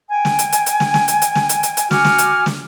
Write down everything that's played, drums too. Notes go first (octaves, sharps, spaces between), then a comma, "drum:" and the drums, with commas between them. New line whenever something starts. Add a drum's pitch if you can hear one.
G5 G#5
drum: snare
drum: hi-hat
drum: hi-hat
drum: hi-hat
drum: snare
drum: snare
drum: hi-hat
drum: hi-hat
drum: snare
drum: hi-hat
drum: hi-hat
drum: hi-hat
F#4 G#5 D6 F6, drum: snare
drum: snare
drum: hi-hat
drum: snare